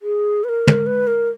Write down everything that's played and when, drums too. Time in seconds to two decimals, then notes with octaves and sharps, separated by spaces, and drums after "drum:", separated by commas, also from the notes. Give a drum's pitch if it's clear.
0.02 G#4
0.44 B4
0.49 A#4
0.67 drum: tom
0.86 B4
1.07 A#4